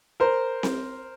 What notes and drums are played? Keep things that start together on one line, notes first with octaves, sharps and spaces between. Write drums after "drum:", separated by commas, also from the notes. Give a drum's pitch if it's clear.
A#4 C5
drum: snare C4